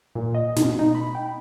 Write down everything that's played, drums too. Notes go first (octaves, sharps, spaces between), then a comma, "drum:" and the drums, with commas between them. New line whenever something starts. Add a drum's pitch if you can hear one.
A#2
D#5
B2, drum: snare
D#4
B5
G5